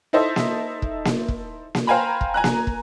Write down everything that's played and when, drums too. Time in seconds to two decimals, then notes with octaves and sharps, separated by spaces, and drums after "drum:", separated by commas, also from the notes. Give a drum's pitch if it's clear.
0.13 D#4 E4 A4 C5 D#5 E5
0.36 drum: snare A#3
0.82 drum: kick
1.05 drum: snare A#3
1.28 drum: kick
1.75 drum: snare A#3
1.87 C5 F5 G5 G#5 A#5 B5
2.21 drum: kick
2.34 G#5 A#5 F#6
2.44 drum: snare A#3
2.67 drum: kick